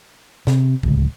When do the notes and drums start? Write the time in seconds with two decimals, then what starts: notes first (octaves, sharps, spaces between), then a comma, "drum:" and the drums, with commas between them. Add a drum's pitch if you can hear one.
0.47 C3, drum: snare
0.83 D1 C#2, drum: kick